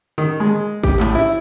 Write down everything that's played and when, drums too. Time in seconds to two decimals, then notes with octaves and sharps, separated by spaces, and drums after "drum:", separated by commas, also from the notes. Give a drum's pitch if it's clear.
0.18 D#3
0.40 G#3
0.84 G4, drum: kick A1, open hi-hat
1.00 A2, drum: clap
1.15 E4